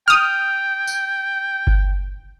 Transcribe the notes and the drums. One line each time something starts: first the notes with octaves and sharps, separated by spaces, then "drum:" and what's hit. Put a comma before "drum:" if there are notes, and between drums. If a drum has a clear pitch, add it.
G5 D#6 F6
drum: tambourine
drum: kick G1